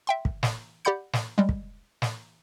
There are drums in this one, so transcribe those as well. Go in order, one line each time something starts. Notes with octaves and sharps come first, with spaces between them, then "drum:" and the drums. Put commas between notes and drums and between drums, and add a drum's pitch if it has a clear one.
E5 G5 C6
drum: kick
drum: snare
G4 D5 F#5 B5 G6 C#7
drum: snare
G3 G#3
drum: kick
drum: snare